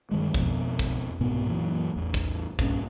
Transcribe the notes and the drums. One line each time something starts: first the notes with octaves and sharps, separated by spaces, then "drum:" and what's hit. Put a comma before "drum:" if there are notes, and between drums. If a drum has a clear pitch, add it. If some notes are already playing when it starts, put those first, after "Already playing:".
G2 D#3 G#3
F2 B2, drum: kick
drum: kick
C2 G#2 B2 B3
F#2 A#2 E3
A1 E2
drum: kick
G2 A#2 C#4, drum: kick